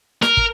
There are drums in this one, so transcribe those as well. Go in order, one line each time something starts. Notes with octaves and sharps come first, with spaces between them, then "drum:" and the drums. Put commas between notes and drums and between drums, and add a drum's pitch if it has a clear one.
A#4, drum: snare
drum: kick